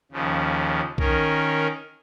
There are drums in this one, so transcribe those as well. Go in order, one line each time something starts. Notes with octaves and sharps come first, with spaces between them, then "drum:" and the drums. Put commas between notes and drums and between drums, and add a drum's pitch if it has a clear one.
D#2 C#3 F3
D#3 C#4 A#4, drum: kick B1